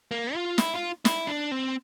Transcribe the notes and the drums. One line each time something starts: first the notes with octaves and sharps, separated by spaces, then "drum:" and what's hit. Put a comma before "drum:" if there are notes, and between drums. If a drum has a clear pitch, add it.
A#3
F4
E4, drum: snare
F4
E4, drum: snare
D4
C4